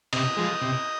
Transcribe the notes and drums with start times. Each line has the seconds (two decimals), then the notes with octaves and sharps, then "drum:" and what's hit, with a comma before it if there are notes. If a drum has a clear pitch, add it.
0.13 C3 D#5, drum: cymbal
0.37 F3 G#3
0.61 C3